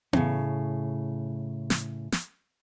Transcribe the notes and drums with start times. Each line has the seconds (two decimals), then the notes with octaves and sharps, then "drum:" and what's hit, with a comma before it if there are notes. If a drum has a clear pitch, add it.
0.13 A2 C#3, drum: tom B3
1.70 drum: snare
2.12 drum: snare